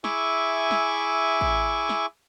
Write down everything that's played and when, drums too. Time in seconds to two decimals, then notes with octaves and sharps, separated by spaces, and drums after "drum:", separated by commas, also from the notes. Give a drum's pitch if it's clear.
0.04 E4 G#4 E5 G#5 C#6 D6, drum: snare
0.71 drum: snare
1.41 drum: kick A1
1.89 drum: snare